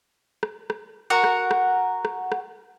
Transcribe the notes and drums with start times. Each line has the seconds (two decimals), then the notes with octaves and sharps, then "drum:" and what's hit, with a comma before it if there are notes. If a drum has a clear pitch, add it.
0.43 drum: rim click
0.70 drum: rim click
1.10 F#4 A#4 F#5
1.24 drum: rim click
1.51 drum: rim click
2.05 drum: rim click
2.32 drum: rim click